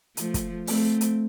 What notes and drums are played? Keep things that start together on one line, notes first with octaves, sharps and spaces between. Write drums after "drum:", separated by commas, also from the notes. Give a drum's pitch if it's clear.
F3 A3, drum: hi-hat
drum: kick, hi-hat
A3 C4, drum: open hi-hat
drum: hi-hat